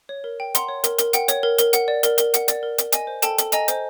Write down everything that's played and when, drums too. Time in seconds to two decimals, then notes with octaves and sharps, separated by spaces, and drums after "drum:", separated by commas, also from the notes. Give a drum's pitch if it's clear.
0.09 C#5
0.24 A#4
0.40 G5
0.55 F#5 A#5 C6, drum: hi-hat
0.69 C#5
0.84 A#4, drum: hi-hat
0.98 A#4, drum: hi-hat
1.13 F#5 G5, drum: hi-hat
1.28 C#5, drum: hi-hat
1.43 A#4
1.58 A#4, drum: hi-hat
1.73 F#5, drum: hi-hat
1.88 D5
2.03 A#4, drum: hi-hat
2.18 A#4, drum: hi-hat
2.34 F#5, drum: hi-hat
2.48 D5, drum: hi-hat
2.63 A#4
2.78 A#4, drum: hi-hat
2.92 D#5 G#5, drum: hi-hat
3.07 C5
3.22 A4 G5 A5, drum: hi-hat
3.38 A4, drum: hi-hat
3.52 D#5 G#5 A#5, drum: hi-hat
3.68 C5, drum: hi-hat